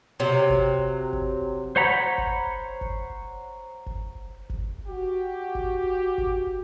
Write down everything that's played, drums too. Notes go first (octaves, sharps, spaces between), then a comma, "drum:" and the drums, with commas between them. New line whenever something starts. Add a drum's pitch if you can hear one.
C3 F#3
drum: kick
drum: kick
C5 C#5 F#5 A#5 B5
drum: kick
drum: kick
drum: kick
drum: kick
F#4 G4
drum: kick
drum: kick